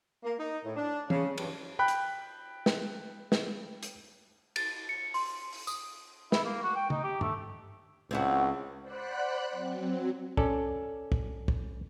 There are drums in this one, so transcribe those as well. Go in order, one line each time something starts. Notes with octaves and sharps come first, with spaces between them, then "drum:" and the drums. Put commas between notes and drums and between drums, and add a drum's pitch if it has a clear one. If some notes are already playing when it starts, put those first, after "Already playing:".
A#3
D#4
A2
D4
C#3, drum: tom E3
G2, drum: cymbal
G5 B5 F#6
drum: hi-hat
drum: snare
drum: snare
drum: hi-hat
A6, drum: cymbal
C#7
C6, drum: open hi-hat
drum: open hi-hat
D#6, drum: tambourine
E4, drum: snare
A#3
F#4
G5
D#4, drum: tom
G4
A3, drum: tom G2
C#2 C4 E4 F#4
C5 D5 F#5 B5 F#6
F#3 C4
C#4 A4 D5, drum: kick
drum: kick
drum: kick